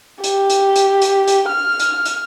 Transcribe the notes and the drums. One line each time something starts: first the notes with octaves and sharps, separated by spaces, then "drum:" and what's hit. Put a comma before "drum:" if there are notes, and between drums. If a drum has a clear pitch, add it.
G4, drum: hi-hat
drum: hi-hat
drum: hi-hat
drum: hi-hat
drum: hi-hat
F6
drum: hi-hat
drum: hi-hat